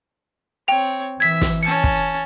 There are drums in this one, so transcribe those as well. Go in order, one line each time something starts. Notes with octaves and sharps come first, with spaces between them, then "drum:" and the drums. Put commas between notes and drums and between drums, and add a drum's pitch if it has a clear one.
C4 C#5 G5 F7
E3 E5 G#6 B6
drum: snare
C#4 A5 C#7
drum: kick